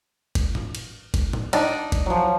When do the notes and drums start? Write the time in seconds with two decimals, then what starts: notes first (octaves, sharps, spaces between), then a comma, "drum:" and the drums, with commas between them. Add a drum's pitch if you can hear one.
0.35 drum: kick F#1, cymbal
0.55 drum: tom G#2
0.75 drum: cymbal
1.14 drum: kick F#1, cymbal
1.33 drum: tom A2
1.53 D4 D#4, drum: cymbal
1.92 drum: kick F#1, cymbal
2.06 F3 F#3